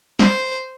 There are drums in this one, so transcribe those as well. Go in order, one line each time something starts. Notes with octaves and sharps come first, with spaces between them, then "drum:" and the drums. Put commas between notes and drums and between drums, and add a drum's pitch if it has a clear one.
C5, drum: snare